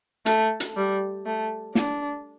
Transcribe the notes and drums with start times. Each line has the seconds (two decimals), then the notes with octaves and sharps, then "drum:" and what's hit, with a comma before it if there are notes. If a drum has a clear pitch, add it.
0.26 A3, drum: hi-hat
0.60 drum: hi-hat
0.77 G3
1.26 A3
1.75 D4, drum: snare